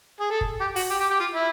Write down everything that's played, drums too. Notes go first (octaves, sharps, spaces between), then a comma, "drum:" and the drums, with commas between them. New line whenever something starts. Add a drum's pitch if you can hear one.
G#4
A4
drum: kick
G4
F#4, drum: open hi-hat
G4
G4
G4
F4
E4